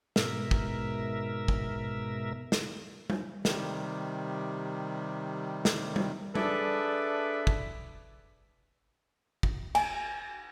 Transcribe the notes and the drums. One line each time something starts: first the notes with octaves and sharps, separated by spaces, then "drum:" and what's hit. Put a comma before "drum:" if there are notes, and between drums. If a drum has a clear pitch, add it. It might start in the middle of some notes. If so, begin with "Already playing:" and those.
G#2 B2 A#4 E5, drum: snare
drum: kick
drum: kick
drum: snare
drum: tom G3
C3 D#3 G3, drum: snare
drum: snare
drum: tom G3
D4 G#4 A4 B4 D5 E5, drum: tom G3
drum: kick
drum: kick
G#5, drum: cymbal